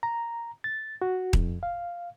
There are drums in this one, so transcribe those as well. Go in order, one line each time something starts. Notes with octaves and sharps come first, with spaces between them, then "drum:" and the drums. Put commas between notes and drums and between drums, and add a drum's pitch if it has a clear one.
A#5
A6
F#4
F2, drum: kick D#1
F5